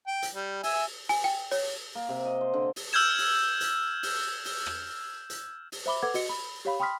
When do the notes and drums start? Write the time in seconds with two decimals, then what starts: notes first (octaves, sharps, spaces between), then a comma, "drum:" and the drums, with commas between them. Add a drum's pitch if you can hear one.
0.07 G5
0.22 drum: hi-hat
0.35 G3
0.63 E5 G#5, drum: open hi-hat
1.09 G#5, drum: open hi-hat
1.24 G5
1.51 C#5, drum: open hi-hat
1.95 A#3
2.09 C3
2.25 D#5
2.41 C5
2.54 D3
2.76 drum: open hi-hat
2.93 E6 F6 G6 G#6 E7
3.18 drum: open hi-hat
3.61 drum: hi-hat
4.03 drum: open hi-hat
4.45 drum: open hi-hat
4.66 drum: rim click
5.30 drum: hi-hat
5.72 drum: open hi-hat
5.86 C5 E5 B5 D6 G7
6.02 A4 B4 F#5 D6 G#6
6.14 F#4 D#5 C#7, drum: open hi-hat
6.29 B5
6.65 G4 C#5 F5 B5
6.80 G5 B5 C6 D#6 F6 B6